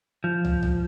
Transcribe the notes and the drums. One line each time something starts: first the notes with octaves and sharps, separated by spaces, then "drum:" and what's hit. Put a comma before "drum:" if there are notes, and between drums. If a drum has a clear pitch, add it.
F3
drum: tom
drum: tom